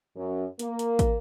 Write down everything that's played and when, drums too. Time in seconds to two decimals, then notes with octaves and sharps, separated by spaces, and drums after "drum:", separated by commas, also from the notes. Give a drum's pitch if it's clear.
0.16 F#2
0.59 A#3, drum: hi-hat
0.79 drum: hi-hat
0.99 drum: kick, hi-hat